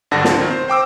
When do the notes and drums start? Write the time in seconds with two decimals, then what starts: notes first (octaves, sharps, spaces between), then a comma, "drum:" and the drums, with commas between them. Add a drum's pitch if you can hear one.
0.11 G#1 G2 D3 F#5 A5 A#6
0.24 C#2 F3, drum: snare
0.38 D#3 C4
0.50 C5
0.68 C5 G5 D6 E6